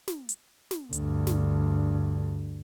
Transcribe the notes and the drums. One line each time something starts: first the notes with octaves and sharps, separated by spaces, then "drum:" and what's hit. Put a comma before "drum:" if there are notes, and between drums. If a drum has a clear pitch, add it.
drum: snare
drum: hi-hat
drum: snare
D2 G2, drum: hi-hat
drum: snare